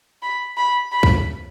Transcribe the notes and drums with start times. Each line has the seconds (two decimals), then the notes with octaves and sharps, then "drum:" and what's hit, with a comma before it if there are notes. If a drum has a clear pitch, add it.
0.22 B5
0.57 B5
0.92 B5
1.03 drum: kick